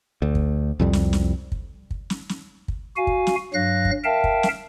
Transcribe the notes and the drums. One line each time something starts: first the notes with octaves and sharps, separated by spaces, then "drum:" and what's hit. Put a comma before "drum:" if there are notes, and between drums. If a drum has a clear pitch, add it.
D2
drum: kick
C2 F2 G3
drum: snare
drum: snare
drum: kick
drum: kick
drum: snare
drum: snare
drum: kick
F#4 F5 G#5
drum: kick
drum: snare
G2 F#3 F5 F#6 A#6
drum: kick
A#4 E5 F5 G5 A5
drum: kick
drum: snare